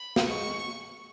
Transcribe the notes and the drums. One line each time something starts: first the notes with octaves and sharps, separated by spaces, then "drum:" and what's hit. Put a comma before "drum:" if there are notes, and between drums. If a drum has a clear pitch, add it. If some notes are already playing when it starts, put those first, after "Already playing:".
Already playing: B5
drum: snare
G#3 C#6